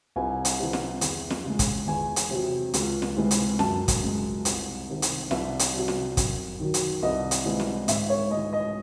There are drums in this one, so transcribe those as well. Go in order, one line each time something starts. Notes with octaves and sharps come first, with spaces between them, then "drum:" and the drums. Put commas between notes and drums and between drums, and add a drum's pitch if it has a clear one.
C2 G#5
drum: hi-hat
C3 E3
drum: snare
E2, drum: hi-hat
drum: snare
C#3 G#3
drum: kick, hi-hat
E2 G#5
drum: hi-hat
C3 F#3
C#2, drum: hi-hat
drum: snare
C3 E3 G#3
drum: hi-hat
F#2 A5, drum: snare
drum: kick, hi-hat
C#3 G#3
C2, drum: hi-hat
C3 D#3
drum: hi-hat
C2 E5, drum: snare
drum: hi-hat
C3 F#3
drum: snare
F#2, drum: kick, hi-hat
D#3 F#3
drum: hi-hat
C2 D#5
drum: hi-hat
C3 E3 G#3
drum: snare
G#2 E5, drum: hi-hat
C#5
E3 G#3 D#5
D#5